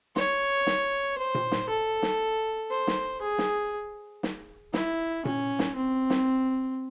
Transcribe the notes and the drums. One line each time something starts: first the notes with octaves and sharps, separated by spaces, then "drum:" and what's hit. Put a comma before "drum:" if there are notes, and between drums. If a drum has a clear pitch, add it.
C#5, drum: snare
drum: snare
C5
drum: tom A#2
drum: snare
A4
drum: snare
C5
drum: snare
G#4
drum: snare
drum: snare
E4, drum: snare
C#4, drum: tom A#2
drum: snare
C4
drum: snare